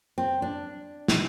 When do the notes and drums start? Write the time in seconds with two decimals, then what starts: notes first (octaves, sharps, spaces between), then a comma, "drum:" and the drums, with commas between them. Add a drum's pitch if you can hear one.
0.18 C4
0.42 D4
1.08 drum: snare